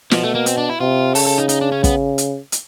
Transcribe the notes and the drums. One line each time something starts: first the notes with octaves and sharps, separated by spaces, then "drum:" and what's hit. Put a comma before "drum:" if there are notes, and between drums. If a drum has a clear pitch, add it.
B2 F3, drum: snare
A3
A#3
C4, drum: hi-hat
D4
E4
C3 F4
C#3 A4, drum: open hi-hat
A4
D#4
D#4, drum: hi-hat
D4
C#4
B3, drum: kick, hi-hat
drum: hi-hat
drum: hi-hat